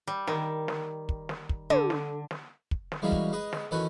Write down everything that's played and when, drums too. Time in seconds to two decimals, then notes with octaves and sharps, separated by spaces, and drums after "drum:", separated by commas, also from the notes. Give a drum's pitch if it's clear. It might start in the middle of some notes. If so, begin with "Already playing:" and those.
0.07 G3
0.27 D#3, drum: snare
0.68 drum: snare
1.09 drum: kick
1.29 drum: snare
1.49 drum: kick
1.70 D3, drum: tom
1.90 drum: snare
2.31 drum: snare
2.71 drum: kick
2.92 drum: snare
3.02 E3 G3 G#3 A#3 C#4 F#4
3.12 drum: kick
3.32 G#3 B4 D#5
3.53 drum: snare
3.71 D#3 E3 C#4 F#4 A4 B4